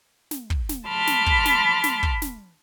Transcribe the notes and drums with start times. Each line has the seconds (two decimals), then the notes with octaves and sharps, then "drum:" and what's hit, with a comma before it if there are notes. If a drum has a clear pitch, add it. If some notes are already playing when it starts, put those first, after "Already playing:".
0.31 drum: snare
0.50 drum: kick
0.69 drum: snare
0.88 A5 B5 C6 D6 F6
1.07 drum: snare
1.26 drum: kick
1.45 drum: snare
1.84 drum: snare
2.03 drum: kick
2.22 drum: snare